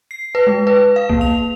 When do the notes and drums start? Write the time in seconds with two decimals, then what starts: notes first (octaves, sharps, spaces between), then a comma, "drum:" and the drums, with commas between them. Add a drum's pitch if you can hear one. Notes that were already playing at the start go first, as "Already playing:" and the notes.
0.11 C7
0.35 B4
0.47 G#3
0.67 B4
0.96 F5
1.09 A#3, drum: kick B1
1.21 F7